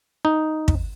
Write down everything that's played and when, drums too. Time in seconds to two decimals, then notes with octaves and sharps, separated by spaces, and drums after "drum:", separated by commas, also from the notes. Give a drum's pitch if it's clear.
0.25 D#4
0.68 drum: kick